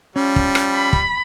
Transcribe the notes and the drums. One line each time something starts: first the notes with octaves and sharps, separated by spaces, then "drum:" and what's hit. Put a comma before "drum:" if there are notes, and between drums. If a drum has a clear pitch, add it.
F3 G3 C#4
drum: kick
drum: rim click
B5
drum: kick